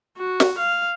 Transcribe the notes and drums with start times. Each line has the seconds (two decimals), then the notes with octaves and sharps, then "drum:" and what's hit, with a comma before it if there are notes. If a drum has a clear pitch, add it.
0.18 F#4
0.40 drum: snare
0.58 F5